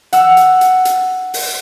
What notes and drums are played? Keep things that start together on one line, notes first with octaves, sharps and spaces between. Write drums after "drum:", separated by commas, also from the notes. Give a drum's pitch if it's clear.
F#5 E6, drum: hi-hat
drum: hi-hat
drum: hi-hat
drum: hi-hat
drum: open hi-hat